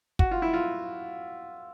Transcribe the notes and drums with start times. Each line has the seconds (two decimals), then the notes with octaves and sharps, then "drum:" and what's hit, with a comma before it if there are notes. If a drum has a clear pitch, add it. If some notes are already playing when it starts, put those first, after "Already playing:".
0.19 F#4, drum: kick
0.31 F4
0.42 E4
0.53 F4